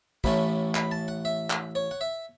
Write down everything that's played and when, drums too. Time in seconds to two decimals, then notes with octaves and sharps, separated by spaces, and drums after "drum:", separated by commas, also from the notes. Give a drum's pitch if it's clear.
0.24 A1 A2 A3 C#4 B5, drum: kick
0.75 B5, drum: clap
0.91 A5
1.08 F#5
1.25 E5
1.50 drum: clap
1.75 C#5
1.91 F#5
2.01 E5